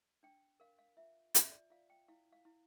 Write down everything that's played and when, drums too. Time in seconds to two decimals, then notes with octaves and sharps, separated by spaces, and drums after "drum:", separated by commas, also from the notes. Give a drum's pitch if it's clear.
0.23 D4 G5
0.60 A#4 F5
0.79 F5
0.97 F4 E5
1.35 F4 E5, drum: hi-hat
1.52 D5
1.70 F4 F5
1.90 G5
2.08 E4 F5
2.33 F5
2.45 E4